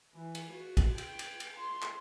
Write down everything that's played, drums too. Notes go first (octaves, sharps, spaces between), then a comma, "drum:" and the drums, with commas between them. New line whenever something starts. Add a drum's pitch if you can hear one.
E3
drum: cymbal
F#4
drum: kick, cymbal
G5, drum: cymbal
drum: cymbal
drum: cymbal
C6
drum: clap